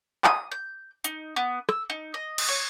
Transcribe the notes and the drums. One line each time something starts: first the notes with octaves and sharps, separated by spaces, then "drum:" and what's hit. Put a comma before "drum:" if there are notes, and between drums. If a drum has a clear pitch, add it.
D#6, drum: clap
G6
D#4, drum: hi-hat
B3
E6, drum: rim click
D#4
D#5
drum: cymbal
C#5